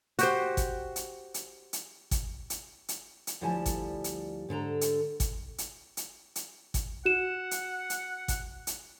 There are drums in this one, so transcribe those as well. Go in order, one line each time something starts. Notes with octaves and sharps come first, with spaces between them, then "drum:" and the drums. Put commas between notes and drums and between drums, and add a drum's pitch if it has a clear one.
F#4 G4 C5, drum: hi-hat
drum: kick, hi-hat
drum: hi-hat
drum: hi-hat
drum: hi-hat
drum: kick, hi-hat
drum: hi-hat
drum: hi-hat
drum: hi-hat
D2 F3 G3 E4 G#5 A5
drum: kick, hi-hat
drum: hi-hat
G#2 D3 A4 A#5
drum: hi-hat
drum: kick, hi-hat
drum: hi-hat
drum: hi-hat
drum: hi-hat
drum: kick, hi-hat
F#4 F#5 E7
drum: hi-hat
drum: hi-hat
drum: kick, hi-hat
drum: hi-hat